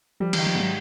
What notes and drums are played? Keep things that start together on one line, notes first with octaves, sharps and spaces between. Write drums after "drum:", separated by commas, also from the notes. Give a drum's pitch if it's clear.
F3 G3
D#3 E3, drum: cymbal
F3
G#2 F#3